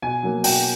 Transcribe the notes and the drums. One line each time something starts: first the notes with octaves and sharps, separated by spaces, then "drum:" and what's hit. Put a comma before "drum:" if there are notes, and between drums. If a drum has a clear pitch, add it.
B2 G#5
F#3 A#3
B2 G5, drum: open hi-hat